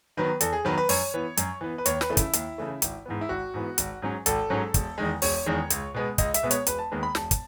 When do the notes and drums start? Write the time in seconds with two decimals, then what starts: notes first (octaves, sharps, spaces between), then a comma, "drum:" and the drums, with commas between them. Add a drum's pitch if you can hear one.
0.17 D#3 F#3 B3 B4
0.41 E2 A4, drum: hi-hat
0.53 G#4
0.65 D#3 F#3 B3 B4
0.78 B4
0.89 F#2 C#5, drum: open hi-hat
1.14 E3 B3
1.37 F#2, drum: hi-hat
1.61 E3 B3
1.78 B4
1.86 D#2 C#5, drum: hi-hat
2.01 B4, drum: snare
2.10 C#3 E3 A3
2.17 E4, drum: kick, hi-hat
2.33 D#2, drum: hi-hat
2.58 C#3 E3 A3
2.82 G#1, drum: hi-hat
3.05 G#2 E3 B3
3.21 E4
3.29 G#1 F#4
3.54 G#2 E3 B3
3.78 G#1, drum: hi-hat
4.02 G#2 F#3 C#4
4.26 G#1 A4, drum: hi-hat
4.50 G#2 F#3 C#4
4.74 E1, drum: kick, hi-hat
4.98 E2 D#3 G#3
5.22 E1 C#5, drum: open hi-hat
5.46 E2 D#3 G#3
5.70 C#2, drum: hi-hat
5.94 B2 G#3 B3
6.18 C#2 D#5, drum: kick, hi-hat
6.34 E5, drum: hi-hat
6.43 B2 G#3 B3
6.51 C#5, drum: hi-hat
6.67 E1 B4, drum: hi-hat
6.79 A5
6.91 D#2 D#3 G#3 B3
7.03 B5
7.15 E1 A5, drum: snare
7.31 drum: kick, hi-hat